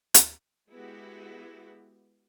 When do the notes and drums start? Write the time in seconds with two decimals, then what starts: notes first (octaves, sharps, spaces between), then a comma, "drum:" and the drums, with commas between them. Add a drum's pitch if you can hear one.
0.14 drum: hi-hat
0.70 G#3 B3 E4 F#4 G4